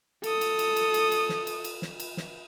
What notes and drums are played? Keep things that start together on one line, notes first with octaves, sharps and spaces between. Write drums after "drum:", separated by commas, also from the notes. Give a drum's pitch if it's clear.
A4 D#6, drum: cymbal
drum: cymbal
drum: cymbal
drum: cymbal
drum: cymbal
drum: cymbal
drum: snare
drum: cymbal
drum: cymbal
drum: snare
drum: cymbal
drum: snare